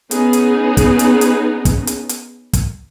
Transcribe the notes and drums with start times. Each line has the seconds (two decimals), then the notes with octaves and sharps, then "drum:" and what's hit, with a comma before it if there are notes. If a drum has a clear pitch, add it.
0.11 B3 C#4 D#4 G#4, drum: hi-hat
0.33 drum: hi-hat
0.77 drum: kick, hi-hat
0.99 drum: hi-hat
1.21 drum: hi-hat
1.65 drum: kick, hi-hat
1.87 drum: hi-hat
2.09 drum: hi-hat
2.53 drum: kick, hi-hat